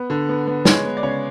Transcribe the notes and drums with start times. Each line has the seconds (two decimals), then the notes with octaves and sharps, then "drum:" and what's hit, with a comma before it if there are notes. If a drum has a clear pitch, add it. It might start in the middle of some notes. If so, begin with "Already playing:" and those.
Already playing: B3
0.10 D3
0.29 B3
0.47 B3
0.65 G#3 C#5, drum: snare
0.84 B3
0.97 D5
1.03 C#3 C#5